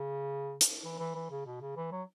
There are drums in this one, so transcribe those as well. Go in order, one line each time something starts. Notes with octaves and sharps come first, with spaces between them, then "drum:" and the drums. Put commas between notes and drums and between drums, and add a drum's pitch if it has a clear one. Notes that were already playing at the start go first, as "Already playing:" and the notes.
Already playing: C#3
drum: hi-hat
E3
E3
E3
C#3
B2
C#3
E3
F#3